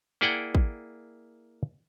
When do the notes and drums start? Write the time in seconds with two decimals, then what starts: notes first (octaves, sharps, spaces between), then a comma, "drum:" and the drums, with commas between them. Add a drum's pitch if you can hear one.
0.21 A#3 E4 G#4 D5 F#5 G5
0.55 drum: kick